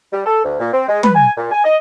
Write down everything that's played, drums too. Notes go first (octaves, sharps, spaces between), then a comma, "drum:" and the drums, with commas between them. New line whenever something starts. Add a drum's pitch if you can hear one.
G3
A4
D2
A#2
C4
G#3
B4, drum: tom
G#5
A#2
G#5
D#5